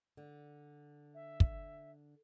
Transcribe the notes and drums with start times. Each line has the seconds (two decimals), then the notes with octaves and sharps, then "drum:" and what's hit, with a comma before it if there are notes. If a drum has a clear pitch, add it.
0.17 D3
1.14 E5
1.40 drum: kick